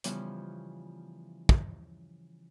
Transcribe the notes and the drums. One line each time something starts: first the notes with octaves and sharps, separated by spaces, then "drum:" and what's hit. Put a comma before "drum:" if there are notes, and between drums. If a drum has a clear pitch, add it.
C#3 E3 F3 G3 B3 C#4, drum: hi-hat
drum: kick